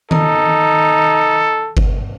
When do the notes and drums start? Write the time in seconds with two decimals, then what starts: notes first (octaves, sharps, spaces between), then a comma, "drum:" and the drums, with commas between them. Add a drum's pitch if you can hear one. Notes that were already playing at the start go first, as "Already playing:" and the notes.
0.11 D#4 A4, drum: tom D#3
1.77 drum: kick G1